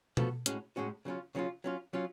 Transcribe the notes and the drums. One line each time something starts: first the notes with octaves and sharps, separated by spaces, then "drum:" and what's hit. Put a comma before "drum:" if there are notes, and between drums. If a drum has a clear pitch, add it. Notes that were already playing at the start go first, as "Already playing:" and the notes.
F3 B3 F#4 A4, drum: tom B2
A2 G#3 C#4 F#4, drum: hi-hat
A2 G#3 C#4 F#4
C#3 F#3 C#4 F4
C#3 F#3 C#4 F4
F#3 C#4 F4
F#3 C#4 F4